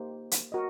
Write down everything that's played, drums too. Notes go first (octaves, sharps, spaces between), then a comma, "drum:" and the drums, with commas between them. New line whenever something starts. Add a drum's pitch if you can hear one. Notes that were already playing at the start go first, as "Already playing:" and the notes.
Already playing: A#3 D#4 G4 C5
drum: hi-hat
F#4 A#4 D#5